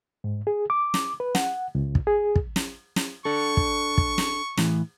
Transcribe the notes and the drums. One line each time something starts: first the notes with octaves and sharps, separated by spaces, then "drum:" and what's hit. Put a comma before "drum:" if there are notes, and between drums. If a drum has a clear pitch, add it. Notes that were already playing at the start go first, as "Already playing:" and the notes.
G#2
G#4
D6
drum: snare
B4
F#5, drum: snare
C#2
drum: kick
G#4
drum: kick
drum: snare
drum: snare
D4 A4 C#6
drum: kick
drum: kick
drum: snare
A2 E3, drum: snare